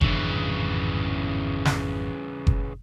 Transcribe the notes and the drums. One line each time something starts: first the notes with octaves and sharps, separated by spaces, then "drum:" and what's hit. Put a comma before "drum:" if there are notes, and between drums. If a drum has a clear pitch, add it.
G#1 F2 C#3 E3 D4, drum: kick F#1
drum: snare
drum: kick F#1